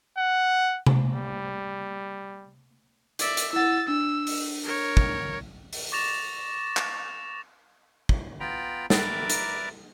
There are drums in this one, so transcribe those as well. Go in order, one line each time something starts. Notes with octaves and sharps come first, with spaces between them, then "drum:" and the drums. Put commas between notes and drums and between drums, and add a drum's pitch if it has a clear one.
F#5
drum: tom C3
G3
D5 E5, drum: hi-hat
drum: hi-hat
E4 F#5 E6 A6
D4 E6
drum: open hi-hat
A#4 C#5
drum: kick
drum: open hi-hat
C#6 D6 A6 A#6 E7 F7
drum: clap
drum: kick
B3 F4 G5 A#5 B5
A#4 B4 D5 E5 A#5 D6, drum: snare
drum: hi-hat